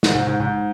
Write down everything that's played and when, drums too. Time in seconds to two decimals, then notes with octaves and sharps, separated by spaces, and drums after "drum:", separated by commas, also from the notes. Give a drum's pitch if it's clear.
0.03 G#2, drum: snare
0.15 G#2
0.27 G#2
0.40 G#2